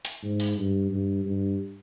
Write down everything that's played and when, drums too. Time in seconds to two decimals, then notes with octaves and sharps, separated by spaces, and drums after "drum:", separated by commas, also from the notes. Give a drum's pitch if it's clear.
0.05 drum: hi-hat
0.23 G#2
0.40 drum: open hi-hat
0.57 G2
0.91 G2
1.25 G2